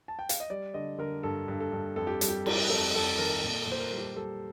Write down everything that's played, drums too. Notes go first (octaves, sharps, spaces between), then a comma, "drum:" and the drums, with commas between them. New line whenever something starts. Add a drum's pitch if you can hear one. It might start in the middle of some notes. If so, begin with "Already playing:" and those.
A5
G5
F5, drum: hi-hat
D#5
G3 D5
D3 D#5
D3 A#4
G2 A4
G2
A4
G2
F2 A4
G4
G3, drum: hi-hat
G4
G3, drum: cymbal
F2 A4
F2 A4
D#3 A#4
A#2 A4
A4
A#2 C5
A#4
G3
G4
G3 A4